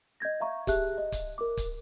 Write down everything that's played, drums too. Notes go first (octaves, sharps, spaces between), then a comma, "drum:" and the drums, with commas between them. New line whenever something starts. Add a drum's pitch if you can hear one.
D#5 G6 G#6 A#6
E5 F5 A#5 C#6
G4 G#4 E5 A5 F#6, drum: kick, hi-hat
D#5
drum: kick, hi-hat
A#4 D6
drum: kick, hi-hat